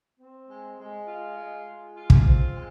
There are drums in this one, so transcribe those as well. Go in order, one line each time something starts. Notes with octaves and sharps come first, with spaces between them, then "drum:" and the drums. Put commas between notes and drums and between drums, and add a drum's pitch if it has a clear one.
C4
G#3
G#3
F4
G#3
G#3
F4
drum: kick
C4
G#3